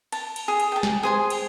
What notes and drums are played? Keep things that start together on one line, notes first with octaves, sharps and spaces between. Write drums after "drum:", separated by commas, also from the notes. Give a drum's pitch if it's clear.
A5, drum: cymbal
drum: cymbal
G#4
drum: cymbal
G5 A5
drum: snare
G#4 C5 G#5
drum: cymbal